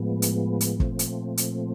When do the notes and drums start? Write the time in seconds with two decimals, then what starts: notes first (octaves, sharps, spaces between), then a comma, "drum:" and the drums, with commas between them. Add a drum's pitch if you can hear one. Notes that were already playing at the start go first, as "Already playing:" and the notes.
Already playing: A2 F3 G#3 B3
0.22 drum: hi-hat
0.61 drum: hi-hat
0.80 A#2 F3 A3 C4, drum: kick
0.99 drum: hi-hat
1.37 drum: hi-hat